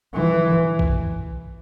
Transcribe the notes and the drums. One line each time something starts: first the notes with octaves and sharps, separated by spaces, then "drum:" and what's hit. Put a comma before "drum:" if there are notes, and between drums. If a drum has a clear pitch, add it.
E3
drum: kick A#1